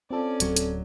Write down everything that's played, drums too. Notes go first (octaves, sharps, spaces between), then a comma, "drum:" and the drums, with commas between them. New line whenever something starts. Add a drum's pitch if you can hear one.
C4 C#4 F4 A4 D5
D1 F#3, drum: hi-hat
drum: hi-hat